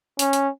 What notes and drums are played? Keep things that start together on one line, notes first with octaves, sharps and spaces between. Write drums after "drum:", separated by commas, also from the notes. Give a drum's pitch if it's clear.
C#4, drum: hi-hat
drum: hi-hat